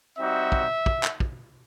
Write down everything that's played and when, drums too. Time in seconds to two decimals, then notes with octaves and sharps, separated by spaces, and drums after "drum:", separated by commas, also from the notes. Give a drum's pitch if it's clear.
0.17 G3 C4 D#4 F#4 E5
0.52 drum: kick
0.86 drum: kick
1.03 drum: clap
1.20 drum: kick